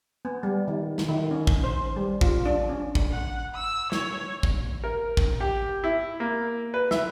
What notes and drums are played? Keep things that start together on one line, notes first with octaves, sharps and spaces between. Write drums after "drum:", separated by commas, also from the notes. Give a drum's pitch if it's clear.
B3
G3
D#3
drum: snare
D#3
C#4
drum: kick
C5
G3
F4, drum: kick
D4
C#4
drum: kick
F#5
E6
C#5, drum: snare
drum: kick
A#4
drum: kick
G4
E4
A#3
B4
E5, drum: snare